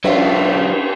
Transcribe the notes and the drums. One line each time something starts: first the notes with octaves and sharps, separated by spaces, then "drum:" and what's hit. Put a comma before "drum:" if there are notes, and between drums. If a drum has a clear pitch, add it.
F#3 D4 F4 E5, drum: cymbal